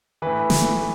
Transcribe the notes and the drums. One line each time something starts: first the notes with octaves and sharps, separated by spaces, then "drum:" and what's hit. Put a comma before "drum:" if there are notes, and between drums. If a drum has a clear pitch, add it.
A2 E3 B4
drum: snare